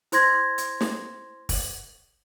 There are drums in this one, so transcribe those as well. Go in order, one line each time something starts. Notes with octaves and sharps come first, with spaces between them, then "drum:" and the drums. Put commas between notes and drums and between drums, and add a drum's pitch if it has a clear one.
E4 C5 C6 G#6 A#6, drum: hi-hat
drum: hi-hat
drum: snare
drum: kick, open hi-hat